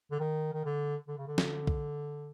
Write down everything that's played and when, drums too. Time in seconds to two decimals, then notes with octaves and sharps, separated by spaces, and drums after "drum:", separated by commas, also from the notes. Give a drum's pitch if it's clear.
0.12 D3
0.20 D#3
0.53 D#3
0.65 D3
1.08 D3
1.18 C#3
1.28 D3
1.38 drum: snare
1.67 drum: kick B1